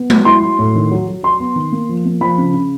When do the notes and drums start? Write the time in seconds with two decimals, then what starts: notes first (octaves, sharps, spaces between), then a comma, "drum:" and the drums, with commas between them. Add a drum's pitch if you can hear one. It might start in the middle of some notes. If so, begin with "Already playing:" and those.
Already playing: B3
0.10 F#3, drum: tom G#3
0.25 E4 C6
0.42 F#3
0.59 A2
0.75 D#3
0.91 F#3
1.07 F#3
1.23 F#3 C6
1.40 B3
1.56 D#3
1.72 A#3
1.89 F3
2.05 A#3
2.21 F3 B5
2.38 C#3
2.54 C#3